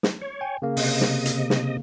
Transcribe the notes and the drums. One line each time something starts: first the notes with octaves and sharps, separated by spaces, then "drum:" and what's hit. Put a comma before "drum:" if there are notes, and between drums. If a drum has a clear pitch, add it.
drum: snare
C#5
G5 G#5
C#3 A#3
C3 D#5, drum: open hi-hat
drum: snare
drum: hi-hat
drum: snare